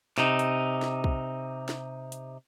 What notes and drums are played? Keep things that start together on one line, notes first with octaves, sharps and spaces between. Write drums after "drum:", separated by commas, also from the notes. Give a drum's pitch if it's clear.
C3 D#4, drum: snare
drum: hi-hat
drum: snare
drum: kick
drum: snare
drum: hi-hat